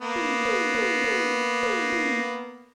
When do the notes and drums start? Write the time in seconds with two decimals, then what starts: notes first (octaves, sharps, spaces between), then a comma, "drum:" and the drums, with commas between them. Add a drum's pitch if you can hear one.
0.01 A#3 B3
0.16 drum: tom
0.45 drum: tom
0.75 drum: tom
1.04 drum: tom
1.63 drum: tom
1.92 drum: tom